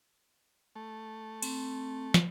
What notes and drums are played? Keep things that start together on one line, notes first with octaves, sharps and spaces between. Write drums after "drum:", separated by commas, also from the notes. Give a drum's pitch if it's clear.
A3
C4, drum: cymbal
drum: snare